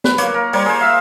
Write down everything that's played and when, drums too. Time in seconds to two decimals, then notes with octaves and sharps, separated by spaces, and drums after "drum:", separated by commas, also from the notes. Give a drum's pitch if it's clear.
0.04 B4, drum: snare
0.18 A#3 C#5, drum: hi-hat
0.34 A#4
0.53 G3 A#4 C5 C#5, drum: open hi-hat
0.66 G#4 C5
0.81 E5 F5